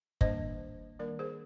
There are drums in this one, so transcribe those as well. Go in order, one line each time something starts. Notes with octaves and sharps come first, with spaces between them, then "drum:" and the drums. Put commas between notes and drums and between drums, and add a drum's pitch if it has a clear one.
D#3 G3 A#3 D4 C5 D#5, drum: kick F#1
D#3 G3 A#3 D4 A#4 D5
G#4 C5